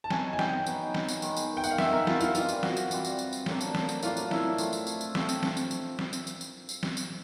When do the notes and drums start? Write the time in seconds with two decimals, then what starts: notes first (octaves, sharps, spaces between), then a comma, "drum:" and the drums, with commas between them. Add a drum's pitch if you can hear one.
0.04 A5
0.10 F#3 B3 D#4 G#5, drum: snare
0.33 G#5
0.39 G5, drum: snare
0.66 F#3 B3 D#4, drum: tambourine
0.95 drum: snare
1.09 drum: tambourine
1.22 D#3 G#3 B3, drum: tambourine
1.37 drum: tambourine
1.57 G5
1.64 F#5, drum: tambourine
1.71 F5
1.78 D#3 G#3 B3 E5, drum: snare
1.92 A#4
2.07 F4, drum: snare
2.20 F4, drum: tambourine
2.35 E3 G3 C4 F4, drum: tambourine
2.49 drum: tambourine
2.63 F#4, drum: snare
2.77 drum: tambourine
2.91 E3 G3 C4, drum: tambourine
3.05 drum: tambourine
3.19 drum: tambourine
3.33 drum: tambourine
3.46 A2 F#3 A#3 D4, drum: snare
3.61 drum: tambourine
3.75 drum: snare
3.89 drum: tambourine
4.03 A2 F#3 A#3 D4 F4, drum: tambourine
4.17 drum: tambourine
4.31 E4, drum: snare
4.58 F3 A3 C4, drum: tambourine
4.73 drum: tambourine
4.87 drum: tambourine
5.01 drum: tambourine
5.15 F3 A3 C4, drum: snare
5.29 drum: tambourine
5.43 drum: snare
5.57 drum: tambourine
5.71 drum: tambourine
5.99 drum: snare
6.13 drum: tambourine
6.27 drum: tambourine
6.41 drum: tambourine
6.69 drum: tambourine
6.83 drum: snare
6.97 drum: tambourine